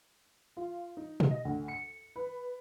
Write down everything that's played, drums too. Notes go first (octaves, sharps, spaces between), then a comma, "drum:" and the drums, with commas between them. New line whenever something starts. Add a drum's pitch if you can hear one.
F4
D#4
drum: tom B2
D#5
D2
C#7
B4